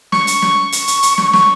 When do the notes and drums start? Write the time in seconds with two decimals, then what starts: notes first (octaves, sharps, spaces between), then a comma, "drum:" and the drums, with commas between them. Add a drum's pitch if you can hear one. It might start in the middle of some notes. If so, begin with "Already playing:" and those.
0.12 C#6, drum: snare
0.27 drum: hi-hat
0.42 drum: snare
0.72 drum: hi-hat
0.87 drum: hi-hat
1.03 drum: hi-hat
1.18 drum: snare
1.33 C#6, drum: snare